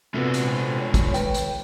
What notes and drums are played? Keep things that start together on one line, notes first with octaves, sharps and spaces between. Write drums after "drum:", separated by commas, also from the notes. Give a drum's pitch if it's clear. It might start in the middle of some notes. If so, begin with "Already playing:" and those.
C3 G#3 B3 F4 F#4 A4
drum: hi-hat
C4
C#5
drum: kick, hi-hat
D#2 B4 C#5 G5, drum: hi-hat
drum: hi-hat